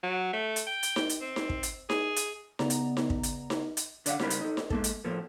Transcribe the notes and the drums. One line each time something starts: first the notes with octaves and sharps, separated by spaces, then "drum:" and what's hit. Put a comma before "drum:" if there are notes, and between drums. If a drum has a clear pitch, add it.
F#3
A3
drum: hi-hat
G5
drum: hi-hat
drum: snare D#4
drum: hi-hat
C4
drum: snare D#4
drum: kick
drum: hi-hat
G#4, drum: snare D#4
drum: hi-hat
C#3 B3 D5 A#5, drum: snare D#4
drum: hi-hat
drum: snare D#4
drum: kick
drum: hi-hat
drum: snare D#4
drum: hi-hat
D3 D5 D#5 F5 F#5, drum: hi-hat
C#2 G3 C4 A#4 B5, drum: snare D#4
drum: hi-hat
D#4 A4
drum: snare D#4
G#3 A#3 A4, drum: kick
drum: hi-hat
A2 F3 A#3 A4